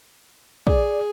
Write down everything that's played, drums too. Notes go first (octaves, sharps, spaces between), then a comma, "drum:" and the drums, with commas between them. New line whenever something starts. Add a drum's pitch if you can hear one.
G#4 D5, drum: kick